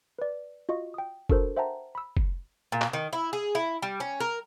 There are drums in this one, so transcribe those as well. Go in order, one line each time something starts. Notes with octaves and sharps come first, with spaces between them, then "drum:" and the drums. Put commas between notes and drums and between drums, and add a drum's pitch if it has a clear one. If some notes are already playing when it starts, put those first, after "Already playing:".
B4 D5
F4 F#4 D#5 C#6
G5 D#6
D4 F#4 A4 A#4 C5, drum: kick
C5 E5 F#5 G5 A5 A#5
B5 E6
drum: kick
A#2
drum: clap
D#3
E4
G#4
E4
G3
C#4
A#4